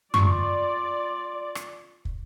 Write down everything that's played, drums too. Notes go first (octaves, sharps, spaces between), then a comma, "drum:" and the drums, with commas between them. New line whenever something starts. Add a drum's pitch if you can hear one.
F4 D5 C#6, drum: tom F#2
drum: rim click
drum: kick